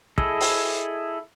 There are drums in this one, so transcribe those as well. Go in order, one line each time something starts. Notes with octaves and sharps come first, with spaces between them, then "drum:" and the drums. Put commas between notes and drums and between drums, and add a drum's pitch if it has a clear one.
E4 G#4 A4 D#5, drum: kick
drum: open hi-hat